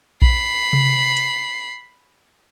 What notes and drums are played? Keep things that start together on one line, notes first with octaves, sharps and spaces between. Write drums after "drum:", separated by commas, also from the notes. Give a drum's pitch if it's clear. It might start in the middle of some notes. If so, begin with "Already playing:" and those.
B5 C7, drum: kick A#1
drum: tom C3
drum: hi-hat